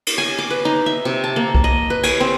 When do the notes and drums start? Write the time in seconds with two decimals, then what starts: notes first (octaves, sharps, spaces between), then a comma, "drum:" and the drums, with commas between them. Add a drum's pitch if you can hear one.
0.07 drum: cymbal
0.18 G#5
0.38 D6
0.50 B4
0.65 D#4
0.86 E5
1.05 C3
1.24 A5
1.36 A#3
1.55 drum: kick C2
1.64 D#5
1.90 B4
2.03 G#5, drum: cymbal
2.20 C4